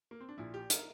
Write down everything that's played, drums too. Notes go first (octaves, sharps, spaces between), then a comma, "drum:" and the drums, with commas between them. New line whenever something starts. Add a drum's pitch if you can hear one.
A#3
C4
D4
A#1 A#2 F3 E4
G4
A#4, drum: hi-hat